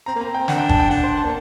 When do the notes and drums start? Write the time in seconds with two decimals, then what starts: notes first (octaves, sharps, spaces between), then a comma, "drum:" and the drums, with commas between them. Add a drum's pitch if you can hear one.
0.06 C4 A#5
0.15 A#3
0.21 C4 A#5
0.35 G5
0.48 D4 F#5, drum: snare
0.58 G5
0.69 A5, drum: kick
0.80 G5
0.90 D4 F#5
1.04 C5
1.17 A5
1.25 A#3